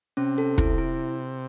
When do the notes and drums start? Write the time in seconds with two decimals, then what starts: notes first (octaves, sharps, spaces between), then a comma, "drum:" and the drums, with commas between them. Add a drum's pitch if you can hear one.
0.17 C3 C#4
0.38 A4
0.58 E4, drum: kick
0.78 E4